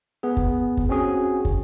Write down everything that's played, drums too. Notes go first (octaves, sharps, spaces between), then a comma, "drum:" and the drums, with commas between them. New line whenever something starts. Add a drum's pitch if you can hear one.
B3 G#4
drum: kick
drum: kick
C4 C#4 F#4 G#4
drum: kick